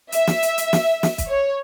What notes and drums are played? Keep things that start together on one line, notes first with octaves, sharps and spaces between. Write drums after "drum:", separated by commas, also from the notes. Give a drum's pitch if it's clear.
E5, drum: hi-hat
drum: snare
drum: hi-hat
drum: hi-hat
drum: snare
drum: snare
drum: kick, hi-hat
C#5